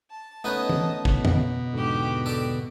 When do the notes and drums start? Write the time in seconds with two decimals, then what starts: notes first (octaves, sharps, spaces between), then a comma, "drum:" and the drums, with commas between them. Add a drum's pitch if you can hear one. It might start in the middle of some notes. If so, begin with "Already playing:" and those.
0.11 A5
0.44 A3 B3 C#4 D#4 B4 C#5 D#5
0.70 drum: tom
1.05 B2, drum: kick
1.25 drum: tom F2
1.73 E2 G#2 D3 F#4 G4
2.26 A4 D5 A5